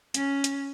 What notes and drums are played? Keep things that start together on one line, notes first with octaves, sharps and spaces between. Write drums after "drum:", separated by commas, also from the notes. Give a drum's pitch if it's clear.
C#4, drum: hi-hat
drum: hi-hat